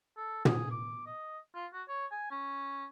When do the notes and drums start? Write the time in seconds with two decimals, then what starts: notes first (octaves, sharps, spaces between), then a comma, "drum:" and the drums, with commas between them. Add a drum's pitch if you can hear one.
0.17 A4
0.45 G#4, drum: tom
0.71 D6
1.07 D#5
1.55 F4
1.74 F#4
1.88 C#5
2.11 G#5
2.31 C#4